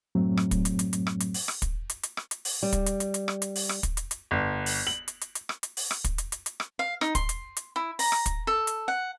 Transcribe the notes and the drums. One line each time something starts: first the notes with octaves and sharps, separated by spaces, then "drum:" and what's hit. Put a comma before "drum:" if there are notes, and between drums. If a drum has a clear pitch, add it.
F#2 A2 F#3 A3 C4
drum: rim click
drum: kick, hi-hat
drum: hi-hat
drum: hi-hat
drum: hi-hat
drum: rim click
drum: hi-hat
drum: open hi-hat
drum: rim click
drum: kick, hi-hat
drum: hi-hat
drum: hi-hat
drum: rim click
drum: hi-hat
drum: open hi-hat
G3
drum: kick, hi-hat
drum: hi-hat
drum: hi-hat
drum: hi-hat
drum: rim click
drum: hi-hat
drum: open hi-hat
drum: rim click
drum: kick, hi-hat
drum: hi-hat
drum: hi-hat
G1
drum: open hi-hat
F#7
drum: hi-hat
drum: hi-hat
drum: hi-hat
drum: rim click
drum: hi-hat
drum: open hi-hat
drum: rim click
drum: kick, hi-hat
drum: hi-hat
drum: hi-hat
drum: hi-hat
drum: rim click
F5
D#4, drum: rim click
C6, drum: kick, hi-hat
drum: hi-hat
drum: hi-hat
E4
A#5, drum: open hi-hat
drum: rim click
drum: kick, hi-hat
A4
drum: hi-hat
F#5